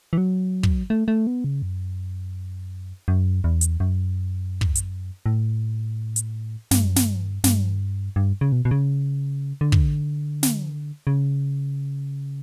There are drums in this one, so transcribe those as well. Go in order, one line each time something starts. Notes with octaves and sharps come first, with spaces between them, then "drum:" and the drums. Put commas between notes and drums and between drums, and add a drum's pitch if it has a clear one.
E3
F#3
drum: kick
A3
A3
B3
C#3
F#2
F#2
E2
drum: hi-hat
F#2
drum: kick
drum: hi-hat
A2
drum: hi-hat
G2, drum: snare
F#2
G2, drum: snare
G2, drum: snare
G2
C#3
B2
B2
C#3
D3
drum: kick
drum: snare
C#3